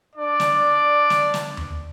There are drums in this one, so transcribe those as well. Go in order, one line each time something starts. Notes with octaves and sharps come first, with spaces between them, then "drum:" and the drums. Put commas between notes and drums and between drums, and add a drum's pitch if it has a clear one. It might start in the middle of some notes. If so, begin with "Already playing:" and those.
D4 D5
drum: snare
drum: snare
drum: snare
drum: tom D#2